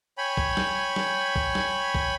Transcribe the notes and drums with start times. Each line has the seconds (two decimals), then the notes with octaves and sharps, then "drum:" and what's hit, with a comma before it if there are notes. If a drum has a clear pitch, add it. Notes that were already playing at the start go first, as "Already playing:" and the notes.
0.18 C#5 G5 G#5 B5
0.37 drum: kick A#1
0.57 drum: snare
0.96 drum: snare
1.36 drum: kick A#1
1.55 drum: snare
1.95 drum: kick A#1